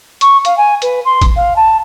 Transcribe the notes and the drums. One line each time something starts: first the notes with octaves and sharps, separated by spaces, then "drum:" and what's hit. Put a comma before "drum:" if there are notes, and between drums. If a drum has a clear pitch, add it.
C#6, drum: hi-hat
F5, drum: hi-hat
G#5
B4, drum: hi-hat
C6
drum: kick A1, hi-hat
F5
A5